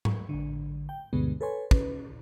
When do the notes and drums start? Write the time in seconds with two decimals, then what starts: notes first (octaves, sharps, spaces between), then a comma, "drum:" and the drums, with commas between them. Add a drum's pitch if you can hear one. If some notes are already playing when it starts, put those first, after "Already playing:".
0.05 C#6, drum: tom G#2
0.29 A1 D3
0.89 G5
1.13 D2 G2 B2 D3 G#3 B3
1.41 A4 B4 C#5 G#5 C6
1.71 C#4 B4, drum: kick